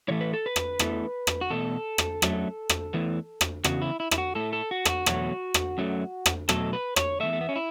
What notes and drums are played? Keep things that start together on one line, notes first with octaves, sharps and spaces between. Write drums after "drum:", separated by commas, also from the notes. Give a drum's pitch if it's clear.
A2 E3 A3 C#5
B4
A4
B4
drum: rim click
E2 E3 A3, drum: rim click
drum: rim click
F#4
E2 B2 A3 A4
drum: rim click
F#2 F#3 A3, drum: rim click
drum: rim click
E2 E3 A3
drum: rim click
E2 C#3 F#4, drum: rim click
E4
E4
E4, drum: rim click
F#4
A2 A3 A4
A4
F#4
A4, drum: rim click
F#4
E2 B2 F#3 A3, drum: rim click
drum: rim click
F#2 F#3 A3
drum: rim click
B2 F#3 A3 A4, drum: rim click
B4
C#5, drum: rim click
E2 E3 A3 E5
A3
B3
C#4
E4